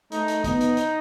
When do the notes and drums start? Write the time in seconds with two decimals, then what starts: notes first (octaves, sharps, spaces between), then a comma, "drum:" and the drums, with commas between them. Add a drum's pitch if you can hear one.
0.12 A3 D#4, drum: hi-hat
0.28 drum: hi-hat
0.44 B3 D#4, drum: kick, hi-hat
0.60 drum: hi-hat
0.77 drum: hi-hat